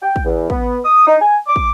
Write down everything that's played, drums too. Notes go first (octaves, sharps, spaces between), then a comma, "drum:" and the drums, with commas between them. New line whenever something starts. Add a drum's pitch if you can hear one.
G5
drum: kick
E2
B3, drum: kick
D#6
D#4
G#5
D6
drum: kick